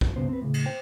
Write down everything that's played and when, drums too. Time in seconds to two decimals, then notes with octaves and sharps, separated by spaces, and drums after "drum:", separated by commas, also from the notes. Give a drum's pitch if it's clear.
0.01 F#2, drum: kick
0.16 B1 G2 C#3 B3 C5
0.29 C4 B4
0.42 A2 C#3
0.54 drum: cymbal
0.66 C5 G5